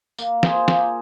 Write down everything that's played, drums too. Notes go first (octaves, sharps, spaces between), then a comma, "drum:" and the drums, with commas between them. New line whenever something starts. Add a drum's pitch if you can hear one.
A#3, drum: tambourine
F4 G#4 C5, drum: snare
A#3, drum: snare